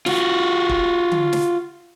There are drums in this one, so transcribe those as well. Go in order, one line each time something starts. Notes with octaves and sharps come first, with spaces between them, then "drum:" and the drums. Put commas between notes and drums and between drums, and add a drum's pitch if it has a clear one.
F4 F#4, drum: snare
drum: kick
drum: tom D3
drum: snare